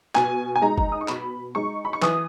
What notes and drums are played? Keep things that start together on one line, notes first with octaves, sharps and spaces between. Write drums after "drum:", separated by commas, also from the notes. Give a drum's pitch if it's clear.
B2 G#5, drum: clap
G#5
G#3 D#4 A#5
drum: kick
D#6
C#6
B2 B5, drum: clap
G#3 D#4 C#6
B5
C#6
E3 D#6, drum: clap